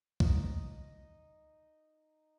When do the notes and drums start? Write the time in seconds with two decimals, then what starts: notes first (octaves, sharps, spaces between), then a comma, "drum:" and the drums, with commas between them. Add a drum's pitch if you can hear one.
0.20 D#4 D#5, drum: kick